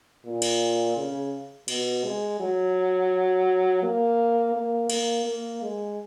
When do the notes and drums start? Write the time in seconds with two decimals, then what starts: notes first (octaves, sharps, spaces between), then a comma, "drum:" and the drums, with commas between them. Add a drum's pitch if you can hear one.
0.25 A#2
0.42 drum: cymbal
0.96 C#3
1.68 B2, drum: cymbal
2.04 G#3
2.40 F#3
3.82 A#3
4.54 A#3
4.90 A#3, drum: cymbal
5.25 A#3
5.62 G#3